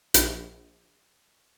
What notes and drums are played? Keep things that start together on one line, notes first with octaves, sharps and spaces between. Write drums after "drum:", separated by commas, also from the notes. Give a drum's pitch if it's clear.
A#1, drum: hi-hat